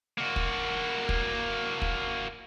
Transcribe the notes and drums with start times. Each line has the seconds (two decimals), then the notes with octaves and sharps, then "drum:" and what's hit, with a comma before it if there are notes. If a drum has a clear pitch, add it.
0.18 A#3 F#4
0.36 drum: kick
1.09 drum: kick
1.82 drum: kick